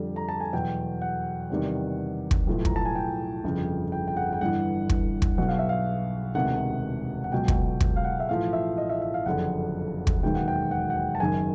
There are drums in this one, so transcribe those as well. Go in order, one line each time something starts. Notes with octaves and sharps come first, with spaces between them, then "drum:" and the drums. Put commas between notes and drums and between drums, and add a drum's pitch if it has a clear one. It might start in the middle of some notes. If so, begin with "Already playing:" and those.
Already playing: F2 D3 G3
A#5
A5
G#5
E2 B2 F#3 G5
F#5
E2 C3 D#3 G3
drum: kick
B1 A2 F3
A#5, drum: kick
A5
G#5
G5
G1 F2 C#3
G5
G5
F#5
G5
G1 G2 E3 F#5
drum: kick
drum: kick
B1 B2 F#3 F#5
F5
E5
F5
E1 D2 C3 D#3 F#5
F#5
C#2 B2 F#3 G5
drum: kick
drum: kick
F5
F#5
E5
A1 A2 F3 F5
E5
D#5
E5
E5
F5
F#1 F2 D3 F#5
drum: kick
E1 D#2 D#3 F#3 G5
F#5
G5
F#5
F#5
G5
A5
F#1 F#2 D#3 G#5